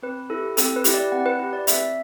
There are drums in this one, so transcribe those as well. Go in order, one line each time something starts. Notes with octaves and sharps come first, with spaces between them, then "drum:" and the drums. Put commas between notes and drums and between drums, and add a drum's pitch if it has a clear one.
C4 B4
E4 G4 A4
C4 A4, drum: hi-hat
B4
E4 G4, drum: hi-hat
D5
C4 F#5
B4
E4 G4 B4
D5
C4 E5, drum: hi-hat